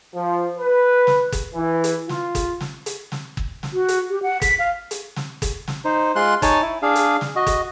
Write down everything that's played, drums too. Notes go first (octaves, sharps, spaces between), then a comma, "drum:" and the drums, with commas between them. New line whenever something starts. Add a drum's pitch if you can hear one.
F3
B4
drum: snare
drum: kick, hi-hat
E3
drum: hi-hat
F4, drum: snare
drum: kick, hi-hat
drum: snare
drum: hi-hat
drum: snare
drum: kick
drum: snare
F#4
drum: hi-hat
G4
F#5
B6, drum: kick, hi-hat
F5
drum: hi-hat
drum: snare
drum: kick, hi-hat
drum: snare
D#4 C5
G#3 F4 C6 F#6
D#4 C#5 G#5 A5, drum: kick, hi-hat
E4
D4 G#4 F5
drum: hi-hat
drum: snare
F#4 D#5
drum: kick, hi-hat